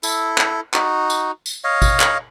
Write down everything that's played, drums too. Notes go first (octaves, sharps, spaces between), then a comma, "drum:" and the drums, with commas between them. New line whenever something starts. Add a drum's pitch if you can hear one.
E4 A4, drum: tambourine
drum: clap
D#4 F#4, drum: clap
drum: tambourine
drum: tambourine
C#5 D#5 F5
drum: kick G#1, tambourine
drum: clap